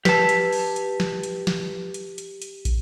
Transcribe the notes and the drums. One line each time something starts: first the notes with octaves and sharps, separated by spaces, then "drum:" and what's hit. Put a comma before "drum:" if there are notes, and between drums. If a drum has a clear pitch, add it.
G4 B4 A5 B6, drum: snare
drum: hi-hat
drum: open hi-hat
drum: hi-hat
drum: snare
drum: hi-hat
drum: snare
drum: hi-hat
drum: hi-hat
drum: hi-hat
drum: kick, hi-hat